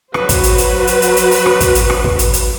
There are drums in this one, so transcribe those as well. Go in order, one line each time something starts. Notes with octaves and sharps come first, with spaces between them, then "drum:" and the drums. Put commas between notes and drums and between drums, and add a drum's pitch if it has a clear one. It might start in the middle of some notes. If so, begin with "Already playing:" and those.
F#3 F#4 B4 C5, drum: rim click
drum: kick, hi-hat
drum: hi-hat
drum: hi-hat
drum: hi-hat
drum: hi-hat
drum: hi-hat
drum: open hi-hat
drum: rim click
drum: kick, hi-hat
drum: hi-hat
drum: rim click
drum: kick
drum: hi-hat
drum: hi-hat